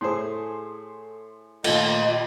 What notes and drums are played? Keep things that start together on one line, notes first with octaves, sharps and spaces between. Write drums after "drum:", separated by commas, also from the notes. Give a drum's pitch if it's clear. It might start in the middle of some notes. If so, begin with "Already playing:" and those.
A2 G#4 A4 C5 C6
A#2 D#3 A3 F4 D#5, drum: cymbal